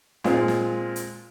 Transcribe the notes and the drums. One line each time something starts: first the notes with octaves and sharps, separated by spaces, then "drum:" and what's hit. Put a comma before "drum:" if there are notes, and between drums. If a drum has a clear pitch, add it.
A#2 G#3 C4 F4, drum: snare
drum: snare
drum: hi-hat